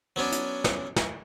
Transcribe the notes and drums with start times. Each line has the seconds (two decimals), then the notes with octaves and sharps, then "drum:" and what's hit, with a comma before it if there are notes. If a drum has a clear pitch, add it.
0.16 F#3 B3 C#4 D4
0.32 drum: hi-hat
0.64 drum: snare
0.96 drum: snare